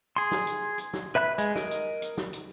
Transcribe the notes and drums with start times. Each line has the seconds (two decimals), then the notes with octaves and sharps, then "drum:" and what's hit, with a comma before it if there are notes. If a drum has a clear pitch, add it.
0.16 G#4 C6
0.31 drum: snare
0.47 drum: hi-hat
0.78 drum: hi-hat
0.93 drum: snare
1.15 B4 E5 B5 F#6
1.38 G#3, drum: hi-hat
1.55 A#4 D#5, drum: snare
1.71 drum: hi-hat
2.02 drum: hi-hat
2.18 drum: snare
2.33 drum: hi-hat